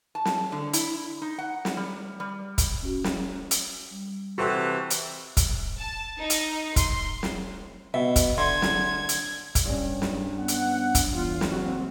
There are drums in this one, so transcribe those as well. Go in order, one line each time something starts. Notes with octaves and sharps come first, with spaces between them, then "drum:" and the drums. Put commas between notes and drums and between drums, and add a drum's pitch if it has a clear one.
A5
drum: snare
D3
E4, drum: hi-hat
D#4
F#5
drum: snare
G3
G3
drum: kick, hi-hat
C#4 F#4
drum: snare
drum: hi-hat
G3
C3 E3 F#4 A4 C5 C#6
drum: hi-hat
drum: kick, hi-hat
A5
D#4
drum: hi-hat
C6, drum: kick, hi-hat
drum: snare
B2 E5
drum: kick, hi-hat
D3 C6 G#6
drum: snare
drum: hi-hat
drum: kick, hi-hat
G2 C#4
drum: snare
B3 F#5
drum: hi-hat
drum: kick, hi-hat
E2 F4
drum: snare
F#1 C4 F#4